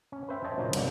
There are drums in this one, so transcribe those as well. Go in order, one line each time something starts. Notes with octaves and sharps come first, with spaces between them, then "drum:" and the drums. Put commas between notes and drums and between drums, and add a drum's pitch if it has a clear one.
C#4
B4 C5 E5 G5
C5 C#5 D#5 E5 G#5 A5
A#2 C#3 F#3 D4 D#4 C5
C2 G2 A#3 B3 C#4, drum: cymbal